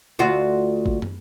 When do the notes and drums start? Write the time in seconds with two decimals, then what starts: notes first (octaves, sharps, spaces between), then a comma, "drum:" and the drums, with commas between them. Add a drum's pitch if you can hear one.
0.19 D2 F4 F#4
0.86 drum: kick
1.02 drum: tom